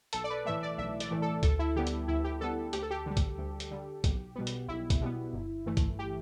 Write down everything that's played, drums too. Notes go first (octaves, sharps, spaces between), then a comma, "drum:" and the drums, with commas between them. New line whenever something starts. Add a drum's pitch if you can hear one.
B1 A4, drum: hi-hat
D5
B4
A2 E3 A3 E5
D5
B1 E5
D5, drum: hi-hat
A2 E3 A3
A4
D2 A4, drum: kick A#1, hi-hat
E4
D3 G3 B3 G4
drum: hi-hat
D2 E4
G4
D3 G3 B3 A4
D2 G4, drum: hi-hat
A4
G4
D3 G3
drum: kick A#1, hi-hat
D2
drum: hi-hat
D3 G3
B1, drum: kick A#1, hi-hat
B2 G3 B3
drum: hi-hat
B1 E4
drum: kick A#1, hi-hat
B2 G3 B3
G1
G2 E3 A3
drum: kick A#1, hi-hat
G4